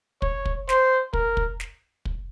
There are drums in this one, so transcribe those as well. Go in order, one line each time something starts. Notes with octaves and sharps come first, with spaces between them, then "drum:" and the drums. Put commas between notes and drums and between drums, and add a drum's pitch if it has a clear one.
C#5, drum: kick
drum: kick
C5, drum: snare
A#4, drum: kick
drum: kick
drum: snare
drum: kick